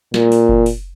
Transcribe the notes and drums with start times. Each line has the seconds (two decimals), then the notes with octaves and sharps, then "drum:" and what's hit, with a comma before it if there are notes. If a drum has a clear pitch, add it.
0.14 A#2, drum: snare
0.32 drum: open hi-hat
0.49 drum: kick F#1
0.66 drum: open hi-hat